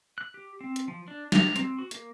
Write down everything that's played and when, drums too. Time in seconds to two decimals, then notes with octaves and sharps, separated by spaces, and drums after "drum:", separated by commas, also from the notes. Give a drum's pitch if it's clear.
0.18 F#6
0.34 G4
0.61 C4
0.76 drum: hi-hat
0.88 F3
1.08 D4
1.32 A#5, drum: snare
1.56 C4, drum: hi-hat
1.78 F#4
1.91 A#3, drum: hi-hat